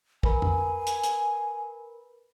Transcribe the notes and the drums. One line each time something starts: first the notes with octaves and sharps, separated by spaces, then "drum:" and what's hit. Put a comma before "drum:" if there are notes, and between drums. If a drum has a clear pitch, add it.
A#4 B4 G#5 B5, drum: kick
drum: tom F2
drum: hi-hat
drum: hi-hat